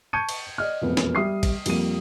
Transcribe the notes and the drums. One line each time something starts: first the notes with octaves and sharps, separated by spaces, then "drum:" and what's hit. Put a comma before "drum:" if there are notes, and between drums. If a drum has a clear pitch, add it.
A5 C#6 G6 G#6 C#7 D#7
drum: cymbal
D5 D#5 F6
E1 A#1 F2 B3
drum: snare
G3 E5 D#6 C7
drum: kick, cymbal
F2 G3 A#3 D#7, drum: cymbal